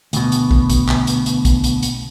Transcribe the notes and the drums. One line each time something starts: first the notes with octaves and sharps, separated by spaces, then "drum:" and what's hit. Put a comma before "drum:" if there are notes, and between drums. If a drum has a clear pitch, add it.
D2 B2, drum: hi-hat
drum: hi-hat
drum: kick
drum: kick, hi-hat
drum: clap
drum: hi-hat
drum: hi-hat
drum: kick, hi-hat
drum: hi-hat
drum: hi-hat